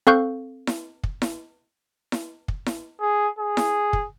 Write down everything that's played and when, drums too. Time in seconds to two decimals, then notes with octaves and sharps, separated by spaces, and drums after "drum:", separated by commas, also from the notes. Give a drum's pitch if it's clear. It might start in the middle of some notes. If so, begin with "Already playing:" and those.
0.07 C4 A4 F5 C#6 F#6 G6
0.67 drum: snare E4
1.04 drum: kick
1.22 drum: snare E4
2.12 drum: snare E4
2.48 drum: kick
2.66 drum: snare E4
3.01 G#4
3.39 G#4
3.57 drum: snare E4
3.93 drum: kick